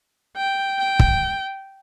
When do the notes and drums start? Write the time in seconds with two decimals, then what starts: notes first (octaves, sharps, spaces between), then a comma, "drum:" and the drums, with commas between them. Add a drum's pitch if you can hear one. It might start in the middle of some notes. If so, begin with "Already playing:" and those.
0.37 G5
0.79 G5
0.99 drum: kick